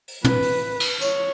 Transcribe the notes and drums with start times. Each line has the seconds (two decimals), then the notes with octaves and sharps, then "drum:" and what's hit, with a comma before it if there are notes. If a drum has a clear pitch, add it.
0.08 drum: open hi-hat
0.24 B4, drum: tom
0.42 drum: open hi-hat
0.80 drum: cymbal
1.01 C#5, drum: tambourine